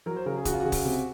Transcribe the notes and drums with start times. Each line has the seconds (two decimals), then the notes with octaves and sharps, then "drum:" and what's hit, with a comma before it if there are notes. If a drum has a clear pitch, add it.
0.06 F#3 A#4
0.16 C5
0.26 C#3 A#4
0.36 G#4
0.45 C#3 F#4, drum: kick, hi-hat
0.54 F4
0.60 C#3 F#4
0.72 drum: kick, open hi-hat
0.85 C3